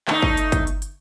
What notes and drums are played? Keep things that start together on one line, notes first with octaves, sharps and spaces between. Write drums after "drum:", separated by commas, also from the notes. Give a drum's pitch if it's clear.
A3 D#4, drum: clap
drum: kick
drum: hi-hat
drum: kick, hi-hat
drum: hi-hat
drum: hi-hat